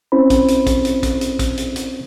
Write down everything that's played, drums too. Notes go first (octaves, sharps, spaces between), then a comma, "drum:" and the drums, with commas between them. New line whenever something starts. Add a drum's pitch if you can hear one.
C4 C#4 E4 C5 B5
drum: kick, hi-hat
drum: hi-hat
drum: kick, hi-hat
drum: hi-hat
drum: kick, hi-hat
drum: hi-hat
drum: kick, hi-hat
drum: hi-hat
drum: hi-hat